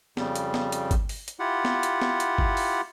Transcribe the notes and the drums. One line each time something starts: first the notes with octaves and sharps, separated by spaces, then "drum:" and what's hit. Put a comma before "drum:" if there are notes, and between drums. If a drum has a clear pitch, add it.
F2 C#3 G3, drum: snare B3
drum: hi-hat
drum: snare B3
drum: hi-hat
drum: kick G#1, hi-hat
drum: open hi-hat
drum: hi-hat
E4 F4 G4 F#5
drum: snare B3
drum: hi-hat
drum: snare B3
drum: hi-hat
drum: kick G#1
drum: open hi-hat